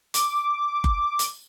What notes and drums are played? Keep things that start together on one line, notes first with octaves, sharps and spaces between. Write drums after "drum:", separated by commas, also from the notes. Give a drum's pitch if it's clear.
D6, drum: hi-hat
drum: kick F#1
drum: hi-hat